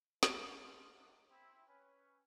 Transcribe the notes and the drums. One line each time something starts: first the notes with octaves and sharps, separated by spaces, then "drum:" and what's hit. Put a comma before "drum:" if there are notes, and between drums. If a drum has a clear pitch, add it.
E3 F3 G3 A3 A#3 C4, drum: snare
B2 F4
C3 D#3 F#3 G3 A#3 D4
C4 E4
C#4 B4